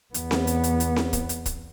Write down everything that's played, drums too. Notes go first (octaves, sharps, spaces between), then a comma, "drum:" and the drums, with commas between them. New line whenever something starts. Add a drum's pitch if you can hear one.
E2 B3, drum: hi-hat
drum: snare C4
drum: hi-hat
drum: hi-hat
drum: hi-hat
drum: snare C4
drum: kick, hi-hat
drum: hi-hat
drum: kick, hi-hat